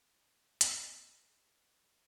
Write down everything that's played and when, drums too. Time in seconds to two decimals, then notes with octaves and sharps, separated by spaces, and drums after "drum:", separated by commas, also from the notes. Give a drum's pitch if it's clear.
0.19 D3 A#4
0.61 drum: hi-hat
0.89 D4